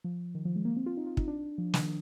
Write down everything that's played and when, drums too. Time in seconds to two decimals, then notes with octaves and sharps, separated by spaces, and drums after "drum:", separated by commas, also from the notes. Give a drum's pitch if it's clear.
0.04 F3
0.35 D#3
0.45 F3
0.56 G#3
0.65 A#3
0.77 C4
0.86 F4
0.97 D#4
1.07 F4
1.17 D#4, drum: kick
1.28 D4
1.58 F3
1.74 D#3, drum: snare